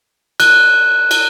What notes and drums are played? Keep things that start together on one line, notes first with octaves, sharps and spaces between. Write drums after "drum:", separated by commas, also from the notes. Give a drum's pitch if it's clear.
F#6, drum: cymbal
drum: cymbal